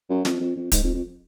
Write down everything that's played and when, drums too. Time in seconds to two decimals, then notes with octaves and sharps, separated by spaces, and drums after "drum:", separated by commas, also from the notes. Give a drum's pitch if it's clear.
0.10 F#2
0.25 F2, drum: snare
0.40 F2
0.56 F2
0.72 G#2, drum: kick, hi-hat
0.83 F2
0.94 F2